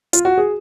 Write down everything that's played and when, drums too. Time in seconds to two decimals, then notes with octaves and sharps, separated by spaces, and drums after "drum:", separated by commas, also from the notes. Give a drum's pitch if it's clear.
0.13 F4, drum: hi-hat
0.25 F#4
0.38 G#4